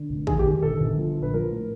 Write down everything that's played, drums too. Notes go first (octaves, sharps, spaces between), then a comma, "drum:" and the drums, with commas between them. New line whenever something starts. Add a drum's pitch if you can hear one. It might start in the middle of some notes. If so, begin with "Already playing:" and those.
Already playing: D3
F1
D#3 G#4, drum: kick
G4
D#3
G4
G1 A4
G1
F3
A#1
B4
F3 A#4
A2